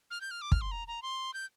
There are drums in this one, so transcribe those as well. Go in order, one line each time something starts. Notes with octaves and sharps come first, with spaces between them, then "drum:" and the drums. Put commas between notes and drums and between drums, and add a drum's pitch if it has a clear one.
F6
G6
F6
D6
F6, drum: kick
C6
A#5
A#5
C6
G6